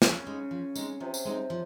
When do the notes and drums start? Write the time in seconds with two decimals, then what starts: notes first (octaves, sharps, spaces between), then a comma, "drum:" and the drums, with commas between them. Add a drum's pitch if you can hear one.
0.02 C#3 F3, drum: snare
0.26 G#3 C4 D#4
0.51 F3
0.76 G#3 C4 D#4, drum: tambourine
1.00 C3 F3
1.14 drum: tambourine
1.25 G#3 C4 D#4
1.50 F3